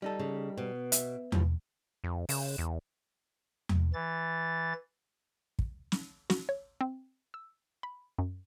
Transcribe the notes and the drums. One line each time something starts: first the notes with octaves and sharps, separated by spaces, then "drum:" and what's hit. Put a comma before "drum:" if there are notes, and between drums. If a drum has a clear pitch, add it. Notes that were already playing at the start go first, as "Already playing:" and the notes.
G3 D#4 A4
C#3
B2
E5, drum: hi-hat
D#2 A2 F3, drum: tom E2
F2
C#3, drum: open hi-hat
E2
drum: tom E2
E3 A6
drum: kick
drum: snare
F#4, drum: snare
C#5
C4
E6
B5
F#2